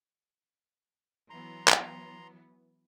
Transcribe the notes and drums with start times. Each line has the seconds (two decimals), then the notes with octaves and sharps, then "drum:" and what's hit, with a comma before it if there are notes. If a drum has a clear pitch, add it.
1.30 E3 F#3 B3 A#5 C6
1.68 drum: clap